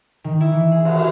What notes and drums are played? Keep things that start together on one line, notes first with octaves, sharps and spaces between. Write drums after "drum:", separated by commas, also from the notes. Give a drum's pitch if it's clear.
D#3
E4
E3
G#4
F#4, drum: cymbal